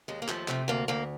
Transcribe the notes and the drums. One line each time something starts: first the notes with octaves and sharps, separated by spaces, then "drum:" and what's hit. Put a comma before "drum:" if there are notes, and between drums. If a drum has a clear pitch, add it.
D#2 G#3
A#3
F3 A3, drum: clap
C3 A3, drum: clap
D2 A#3
D2 A#3